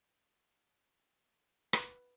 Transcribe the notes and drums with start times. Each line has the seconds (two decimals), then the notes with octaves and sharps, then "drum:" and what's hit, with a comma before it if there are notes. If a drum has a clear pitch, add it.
1.73 B4, drum: rim click